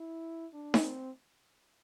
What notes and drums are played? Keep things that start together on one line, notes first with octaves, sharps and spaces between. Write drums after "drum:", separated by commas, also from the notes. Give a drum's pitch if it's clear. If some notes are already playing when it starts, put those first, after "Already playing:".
Already playing: E4
D4
drum: snare D#4
C4